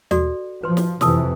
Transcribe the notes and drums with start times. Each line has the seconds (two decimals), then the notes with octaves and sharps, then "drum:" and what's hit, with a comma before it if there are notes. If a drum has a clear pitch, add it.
0.11 F#4 A4 D5, drum: tom D#2
0.64 F3 B4 C6
0.77 drum: snare
1.01 F2 C3 E3 A5 D#6 E6, drum: snare